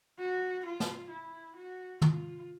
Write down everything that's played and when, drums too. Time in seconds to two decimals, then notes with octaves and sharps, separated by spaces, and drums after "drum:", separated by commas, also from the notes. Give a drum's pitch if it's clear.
0.19 F#4
0.65 F4
0.80 drum: snare
1.10 E4
1.56 F#4
2.02 F4, drum: tom